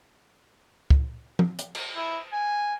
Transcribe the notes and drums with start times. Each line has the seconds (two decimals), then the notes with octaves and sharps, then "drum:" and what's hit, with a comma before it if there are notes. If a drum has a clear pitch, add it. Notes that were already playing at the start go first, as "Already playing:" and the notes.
0.90 drum: kick
1.39 drum: tom F3
1.59 drum: hi-hat
1.75 drum: cymbal
1.96 E4
2.33 G#5